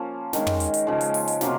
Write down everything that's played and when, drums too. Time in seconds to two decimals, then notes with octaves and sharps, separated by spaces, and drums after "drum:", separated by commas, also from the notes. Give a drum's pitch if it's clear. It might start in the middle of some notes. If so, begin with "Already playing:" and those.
Already playing: F3 A#3 C#4
0.33 D#3 G#3 C#4, drum: snare
0.47 drum: tom
0.60 drum: hi-hat
0.74 drum: hi-hat
0.87 C#3 F3 G#3
1.01 drum: hi-hat
1.14 drum: open hi-hat
1.28 drum: hi-hat
1.41 C3 F#3 A#3 F4, drum: snare